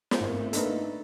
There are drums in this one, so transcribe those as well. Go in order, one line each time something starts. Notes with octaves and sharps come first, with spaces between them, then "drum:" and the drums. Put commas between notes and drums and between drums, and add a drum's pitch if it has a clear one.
drum: snare
G#1 A3
A#3 D4 D#4 A4 B4, drum: hi-hat